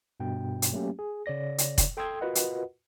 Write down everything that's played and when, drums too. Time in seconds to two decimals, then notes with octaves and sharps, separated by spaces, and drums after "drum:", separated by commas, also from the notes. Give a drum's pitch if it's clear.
0.20 G2 B2 G5
0.62 drum: hi-hat
0.72 F#3 A3 A#3 C#4 G4
0.99 G#4
1.26 C#3 C#5 D5 A#6
1.58 drum: hi-hat
1.78 drum: kick F1, hi-hat
1.97 A4 G5 C6 D#6 E6 G#6
2.21 F4 F#4 A#4 B4 D#5 F#5
2.35 drum: hi-hat